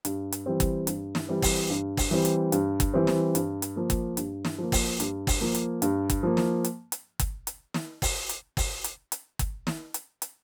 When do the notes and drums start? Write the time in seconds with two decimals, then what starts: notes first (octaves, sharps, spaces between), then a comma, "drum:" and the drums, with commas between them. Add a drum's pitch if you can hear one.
0.05 G2, drum: hi-hat
0.32 drum: hi-hat
0.46 E3 G3 C4
0.60 drum: kick, hi-hat
0.87 G2, drum: hi-hat
1.15 drum: snare
1.29 E3 G3 C4
1.42 drum: kick, open hi-hat
1.70 G2
1.97 drum: kick, open hi-hat
2.11 E3 G3 C4
2.25 drum: hi-hat
2.52 G2, drum: hi-hat
2.80 drum: kick, hi-hat
2.94 E3 G3 C4
3.07 drum: snare
3.35 G2, drum: hi-hat
3.62 drum: hi-hat
3.76 F3 A#3
3.90 drum: kick, hi-hat
4.17 G2, drum: hi-hat
4.45 drum: snare
4.58 F3 A#3
4.72 drum: kick, open hi-hat
5.00 G2, drum: hi-hat
5.27 drum: kick, open hi-hat
5.41 F3 A#3
5.55 drum: hi-hat
5.82 G2, drum: hi-hat
6.10 drum: kick, hi-hat
6.23 F3 A#3
6.37 drum: snare
6.64 drum: hi-hat
6.92 drum: hi-hat
7.19 drum: kick, hi-hat
7.47 drum: hi-hat
7.74 drum: snare
8.02 drum: kick, open hi-hat
8.29 drum: hi-hat
8.57 drum: kick, open hi-hat
8.84 drum: hi-hat
9.12 drum: hi-hat
9.39 drum: kick, hi-hat
9.67 drum: snare
9.94 drum: hi-hat
10.22 drum: hi-hat